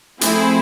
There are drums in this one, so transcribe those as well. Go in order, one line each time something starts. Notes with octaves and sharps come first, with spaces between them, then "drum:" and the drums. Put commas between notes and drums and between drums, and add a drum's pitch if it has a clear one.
F3 A3 C4 E4 G#4, drum: hi-hat